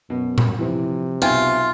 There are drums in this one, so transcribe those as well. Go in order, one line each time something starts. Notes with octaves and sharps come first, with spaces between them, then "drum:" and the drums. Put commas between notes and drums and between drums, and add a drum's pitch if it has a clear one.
F#2 B2
drum: tom A#2
C3 E3 F3
B1 F4 E5 G5 G#5